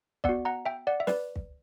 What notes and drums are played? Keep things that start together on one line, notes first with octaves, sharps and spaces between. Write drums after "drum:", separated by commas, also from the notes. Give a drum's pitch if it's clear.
B3 D5 F#5, drum: kick
F#4
F#5 A#5
E5 G5
D5 F#5
E5
B4 D5, drum: snare
drum: kick